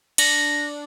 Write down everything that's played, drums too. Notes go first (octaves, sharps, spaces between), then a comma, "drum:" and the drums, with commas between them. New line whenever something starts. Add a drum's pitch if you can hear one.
D4 A#6, drum: cymbal